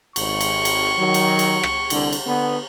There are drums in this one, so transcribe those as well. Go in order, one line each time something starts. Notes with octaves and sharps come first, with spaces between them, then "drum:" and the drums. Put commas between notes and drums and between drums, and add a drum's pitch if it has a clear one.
G#1 C#6, drum: cymbal
drum: cymbal
drum: cymbal
D#3 F#3
drum: cymbal
drum: cymbal
drum: rim click
C2 D3, drum: cymbal
drum: cymbal
D3 B3